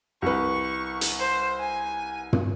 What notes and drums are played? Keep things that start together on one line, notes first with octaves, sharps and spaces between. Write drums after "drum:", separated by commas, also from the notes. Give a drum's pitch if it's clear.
C2 B4 C#6
drum: hi-hat
C5
G#5
drum: tom